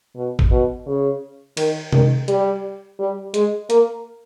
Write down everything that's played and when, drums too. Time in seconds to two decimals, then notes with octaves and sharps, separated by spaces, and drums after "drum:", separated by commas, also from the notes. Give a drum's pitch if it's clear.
0.16 B2
0.39 drum: kick
0.51 B2
0.87 C#3
1.57 D#3, drum: cymbal
1.92 D#3, drum: tom C3
2.28 G3, drum: hi-hat
2.99 G3
3.34 G#3, drum: hi-hat
3.70 A#3, drum: hi-hat